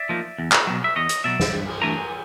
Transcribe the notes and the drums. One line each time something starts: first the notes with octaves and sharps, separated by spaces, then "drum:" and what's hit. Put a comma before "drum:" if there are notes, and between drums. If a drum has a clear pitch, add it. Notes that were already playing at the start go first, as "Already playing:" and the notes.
Already playing: D5 E5
F3 A#3 D#4
E2
drum: clap
B2 F#3
E5
E2 C#5 D#5
drum: hi-hat
B2 F#3 D5 E5
drum: snare
G2
drum: cymbal
E3 A3 D4 G#5 A#5